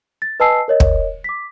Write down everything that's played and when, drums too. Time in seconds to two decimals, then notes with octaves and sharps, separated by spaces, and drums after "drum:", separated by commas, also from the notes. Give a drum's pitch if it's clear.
0.22 A6
0.40 B4 D#5 G#5 A5 E6 C7
0.68 A#4 C#5 D#5
0.80 drum: kick
1.24 D6 B6